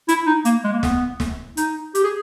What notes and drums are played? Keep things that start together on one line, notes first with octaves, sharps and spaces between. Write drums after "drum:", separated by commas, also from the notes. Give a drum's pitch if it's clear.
E4, drum: hi-hat
D#4
A#3, drum: hi-hat
G#3
A#3
B3, drum: snare
drum: snare
D#4, drum: hi-hat
G4, drum: hi-hat
G#4